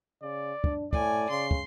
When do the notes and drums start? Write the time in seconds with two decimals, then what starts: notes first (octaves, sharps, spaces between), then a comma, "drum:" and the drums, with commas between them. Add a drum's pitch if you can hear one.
0.22 C#3 D5
0.64 D4, drum: kick
0.93 A2 D5 G#5, drum: kick
1.30 C#3 C6
1.51 drum: kick